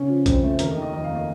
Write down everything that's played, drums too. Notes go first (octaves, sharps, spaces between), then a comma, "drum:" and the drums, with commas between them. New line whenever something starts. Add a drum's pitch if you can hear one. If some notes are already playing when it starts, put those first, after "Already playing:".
Already playing: C#3 C#4
F3
F2 C4, drum: kick B1, hi-hat
A3 C4
D#2 A#4, drum: hi-hat
D#5
D#3
D#5
F1 D#5
F5
A#3
D#5